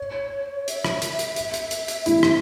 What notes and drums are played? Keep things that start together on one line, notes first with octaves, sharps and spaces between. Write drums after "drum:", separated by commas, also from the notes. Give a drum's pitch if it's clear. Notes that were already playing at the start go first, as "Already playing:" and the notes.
Already playing: C#5
E5, drum: hi-hat
drum: rim click
drum: hi-hat
drum: hi-hat
drum: hi-hat
drum: hi-hat
drum: hi-hat
drum: hi-hat
E4, drum: hi-hat
drum: rim click